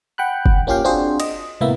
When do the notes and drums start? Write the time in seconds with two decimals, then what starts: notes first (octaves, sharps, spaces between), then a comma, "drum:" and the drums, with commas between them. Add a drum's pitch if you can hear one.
0.18 F#5 G5 B5 F#6
0.46 drum: kick
0.67 A#3 C#4 F4 G4 F5 G5
0.84 C4 D4 F4 F#4 G#4 C5
1.20 D#5, drum: cymbal
1.61 C2 A2 A#3 B3 E5